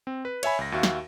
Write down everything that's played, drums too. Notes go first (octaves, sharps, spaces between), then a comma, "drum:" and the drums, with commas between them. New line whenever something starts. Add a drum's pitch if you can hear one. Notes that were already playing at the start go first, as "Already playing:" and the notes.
C4
B4
C#5 E5 G#5 B5, drum: cymbal
C#2 A#6
D#2 F#4 E5 F5
drum: snare